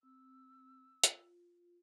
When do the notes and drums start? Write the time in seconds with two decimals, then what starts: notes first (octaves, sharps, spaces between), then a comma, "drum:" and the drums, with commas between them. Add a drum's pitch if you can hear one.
0.03 C4 E6
1.04 F4, drum: hi-hat